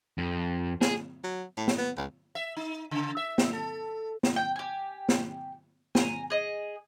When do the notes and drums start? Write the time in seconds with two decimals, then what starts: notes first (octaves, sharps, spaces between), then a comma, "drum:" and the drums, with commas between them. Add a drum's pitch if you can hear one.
0.18 F2
0.81 G#4, drum: snare
1.24 F#3
1.57 A2
1.68 drum: snare
1.78 B3
1.97 C#2
2.35 E5
2.56 D#4
2.91 C#3
3.17 E5
3.38 drum: snare
3.53 A4
4.23 drum: snare
4.36 G5
4.56 G4 G#5
5.09 drum: snare
5.95 G#5 A#5, drum: snare
6.30 G#4 D#5